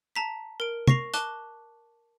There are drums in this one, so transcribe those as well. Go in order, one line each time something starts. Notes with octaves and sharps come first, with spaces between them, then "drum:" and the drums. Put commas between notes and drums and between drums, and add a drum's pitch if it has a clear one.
A5 A#5 B6
A#4 D7
C#6 A#6 C7 F7, drum: tom
A5 D6 F#6 G7, drum: hi-hat